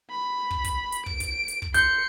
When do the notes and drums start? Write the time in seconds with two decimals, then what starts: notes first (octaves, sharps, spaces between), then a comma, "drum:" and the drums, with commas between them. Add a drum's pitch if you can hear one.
0.10 B5
0.51 drum: kick
0.64 drum: kick, hi-hat
0.92 drum: hi-hat
1.06 D7, drum: kick
1.20 drum: kick, hi-hat
1.48 drum: hi-hat
1.62 drum: kick
1.74 C6 G6 C#7, drum: kick, hi-hat